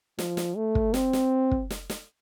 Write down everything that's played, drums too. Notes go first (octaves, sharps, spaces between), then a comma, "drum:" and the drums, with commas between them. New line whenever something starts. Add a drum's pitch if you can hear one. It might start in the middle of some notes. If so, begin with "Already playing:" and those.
F3, drum: snare
drum: snare
A3
drum: kick
C4, drum: snare
drum: snare
drum: kick
drum: snare
drum: snare